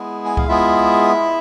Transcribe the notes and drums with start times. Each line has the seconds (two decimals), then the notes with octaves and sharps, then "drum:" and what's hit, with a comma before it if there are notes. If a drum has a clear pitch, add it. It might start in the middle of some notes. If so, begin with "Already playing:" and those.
Already playing: G#3 B3 E4 G#4
0.25 G#5
0.37 F5, drum: kick C#2
0.48 G#3 B3 E4 F4 G#4 E5